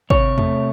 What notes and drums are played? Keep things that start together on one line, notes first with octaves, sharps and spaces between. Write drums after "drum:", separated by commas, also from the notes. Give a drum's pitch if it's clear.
C3 C#5, drum: kick
A3, drum: tom E2